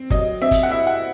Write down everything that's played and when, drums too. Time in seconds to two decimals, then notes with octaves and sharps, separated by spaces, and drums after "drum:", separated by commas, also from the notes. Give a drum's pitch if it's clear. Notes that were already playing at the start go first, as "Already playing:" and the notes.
Already playing: C4
0.10 F#3 D#5, drum: kick
0.42 C4 E5
0.51 drum: kick, hi-hat
0.63 F#5
0.71 E4 E5
0.87 F#5